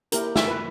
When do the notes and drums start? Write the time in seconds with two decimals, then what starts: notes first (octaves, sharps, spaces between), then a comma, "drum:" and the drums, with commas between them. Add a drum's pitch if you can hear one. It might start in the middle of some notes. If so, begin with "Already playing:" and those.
0.12 A#3 E4 G4 A#4, drum: hi-hat
0.36 E5, drum: snare
0.48 B4